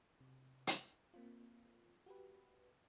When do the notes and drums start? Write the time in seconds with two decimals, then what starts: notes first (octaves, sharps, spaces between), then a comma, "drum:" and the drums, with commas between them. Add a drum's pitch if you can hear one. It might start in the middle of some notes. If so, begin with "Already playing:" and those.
0.20 C3
0.67 drum: hi-hat
1.14 A#3 C4 F4
2.06 F#4 G4 B4